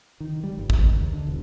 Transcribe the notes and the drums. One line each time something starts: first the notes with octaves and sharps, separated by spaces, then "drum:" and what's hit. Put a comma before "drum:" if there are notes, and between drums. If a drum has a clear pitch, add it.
D#3
G3
G1
E1, drum: kick
C#2
D#2
D3
E1